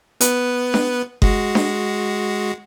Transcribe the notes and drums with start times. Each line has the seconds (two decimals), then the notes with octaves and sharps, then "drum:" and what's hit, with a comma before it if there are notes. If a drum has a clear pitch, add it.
0.21 B3 B4, drum: hi-hat
0.74 drum: snare D4
1.22 G#3 F#4, drum: kick F#1
1.55 drum: snare D4